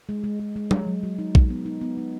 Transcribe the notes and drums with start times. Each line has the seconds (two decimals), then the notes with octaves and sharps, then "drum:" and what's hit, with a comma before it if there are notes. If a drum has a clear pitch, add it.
0.09 G#3
0.24 G#3
0.40 G#3
0.56 G#3
0.71 G#3, drum: tom F#3
0.87 F#3
1.03 F#3
1.18 D#4
1.35 D#4, drum: kick A#1
1.50 B3
1.66 D#4
1.81 B3
1.97 D#4